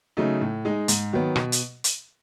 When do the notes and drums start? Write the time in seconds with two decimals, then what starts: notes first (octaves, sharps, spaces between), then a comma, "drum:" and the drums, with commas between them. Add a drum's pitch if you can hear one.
0.17 C#3 F#3 A3 D#4
0.41 A2
0.65 G#3 D#4
0.88 G#2, drum: hi-hat
1.13 D#3 F#3 B3
1.36 B2, drum: rim click
1.52 drum: hi-hat
1.84 drum: hi-hat